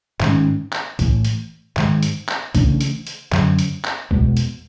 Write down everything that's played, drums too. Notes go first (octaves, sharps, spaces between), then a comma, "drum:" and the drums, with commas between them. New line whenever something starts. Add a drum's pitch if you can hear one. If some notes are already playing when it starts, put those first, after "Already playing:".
G#2 D#3 G#3 C#4, drum: clap
drum: clap
A2 E3 A3, drum: kick, hi-hat
drum: hi-hat
G#2 D#3 G#3, drum: clap
drum: hi-hat
drum: clap
C#3 E3 A3 D4, drum: kick, hi-hat
drum: hi-hat
drum: hi-hat
F#2 D3 F#3, drum: clap
drum: hi-hat
drum: clap
E2 B2 G#3 B3, drum: kick
drum: hi-hat